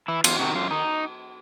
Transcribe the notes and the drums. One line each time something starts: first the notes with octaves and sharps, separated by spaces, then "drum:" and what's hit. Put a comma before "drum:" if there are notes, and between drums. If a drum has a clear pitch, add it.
E3 E4
E2 F4, drum: cymbal
C3 D#3 F#4
F#2 F4
D#3 D#4